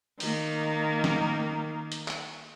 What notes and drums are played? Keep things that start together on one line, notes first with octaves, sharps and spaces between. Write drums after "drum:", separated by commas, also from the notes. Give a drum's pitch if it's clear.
D#3 A#3, drum: open hi-hat
drum: snare
drum: hi-hat
drum: clap